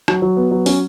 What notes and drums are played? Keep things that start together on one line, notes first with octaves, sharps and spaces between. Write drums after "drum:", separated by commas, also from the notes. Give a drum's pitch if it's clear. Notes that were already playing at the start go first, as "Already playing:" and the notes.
F#3, drum: rim click
F#3
B3
F#3
C#4, drum: open hi-hat